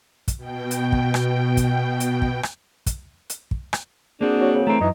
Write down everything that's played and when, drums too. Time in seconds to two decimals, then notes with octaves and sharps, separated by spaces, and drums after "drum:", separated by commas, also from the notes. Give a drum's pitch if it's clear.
0.28 drum: kick, hi-hat
0.37 B2 G5
0.71 drum: hi-hat
0.92 drum: kick
1.14 drum: rim click
1.57 drum: kick, hi-hat
2.00 drum: hi-hat
2.22 drum: kick
2.43 drum: rim click
2.86 drum: kick, hi-hat
3.30 drum: hi-hat
3.51 drum: kick
3.73 drum: rim click
4.21 A#3 C4 D4 F#4 G#4
4.41 F#3
4.54 C#3
4.67 E3 A3 C4 A#5
4.81 F#2 E3 D#4